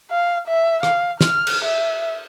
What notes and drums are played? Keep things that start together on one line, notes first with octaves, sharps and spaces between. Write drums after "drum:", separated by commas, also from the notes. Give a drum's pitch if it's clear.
F5
E5
F5, drum: rim click
F6, drum: snare
drum: cymbal
E5